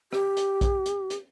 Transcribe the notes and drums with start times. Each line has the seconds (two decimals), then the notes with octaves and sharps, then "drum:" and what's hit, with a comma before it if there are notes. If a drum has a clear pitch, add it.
0.13 G4, drum: rim click
0.37 drum: hi-hat
0.61 drum: kick A#1, hi-hat
0.86 drum: hi-hat
1.10 drum: hi-hat